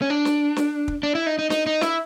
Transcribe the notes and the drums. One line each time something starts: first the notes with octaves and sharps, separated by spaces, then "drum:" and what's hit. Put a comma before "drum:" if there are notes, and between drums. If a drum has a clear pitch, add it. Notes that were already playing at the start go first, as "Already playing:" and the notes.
C#4
D4
drum: snare
drum: snare
drum: kick
D4
E4
D#4
D#4
D#4, drum: snare
D#4
E4, drum: snare